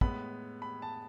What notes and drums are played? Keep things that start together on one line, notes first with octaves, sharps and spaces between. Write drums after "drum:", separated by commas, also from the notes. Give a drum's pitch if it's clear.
A2 G#3 B3 B5, drum: kick
B5
A5